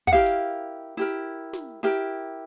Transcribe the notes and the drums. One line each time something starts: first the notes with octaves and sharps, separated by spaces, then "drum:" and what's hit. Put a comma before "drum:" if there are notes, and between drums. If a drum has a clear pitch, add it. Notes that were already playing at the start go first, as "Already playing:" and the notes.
F#5, drum: kick
E4 G4 A#4 F5
drum: hi-hat
E4 G4 A#4
drum: snare
E4 G4 A#4